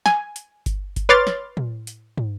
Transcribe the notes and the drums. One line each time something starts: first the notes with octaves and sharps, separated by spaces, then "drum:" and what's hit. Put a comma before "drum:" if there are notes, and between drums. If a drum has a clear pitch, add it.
G#5, drum: snare
drum: hi-hat
drum: kick G1, hi-hat
drum: kick G1, hi-hat
B4 C#5 C6 D6 F6 A6
drum: snare
drum: tom
drum: hi-hat
drum: tom